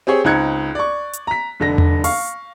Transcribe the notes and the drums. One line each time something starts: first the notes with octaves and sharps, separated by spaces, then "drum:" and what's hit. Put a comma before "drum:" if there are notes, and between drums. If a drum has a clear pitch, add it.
C4 G4 G#4 C#5
C#2 C4 D#4 F#6 G#6 C#7
D5 C#6
drum: hi-hat
A#5 B6
F1 D3 A#6
drum: tom E2
F5 C#6, drum: open hi-hat